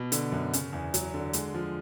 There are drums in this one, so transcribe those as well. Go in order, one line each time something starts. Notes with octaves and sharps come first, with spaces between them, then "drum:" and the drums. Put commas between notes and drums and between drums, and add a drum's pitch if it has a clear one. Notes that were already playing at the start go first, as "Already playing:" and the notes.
Already playing: B2
D3, drum: hi-hat
F#2
C#3, drum: hi-hat
E2
F#3, drum: hi-hat
D3
G#3, drum: hi-hat
F3